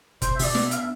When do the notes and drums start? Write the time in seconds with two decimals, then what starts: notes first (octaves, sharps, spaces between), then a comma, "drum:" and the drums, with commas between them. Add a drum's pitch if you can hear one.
0.22 B2 C5, drum: kick, hi-hat
0.36 E5
0.39 B2 D5, drum: open hi-hat
0.55 B3, drum: snare
0.66 E5
0.71 D4 F5, drum: hi-hat
0.80 E5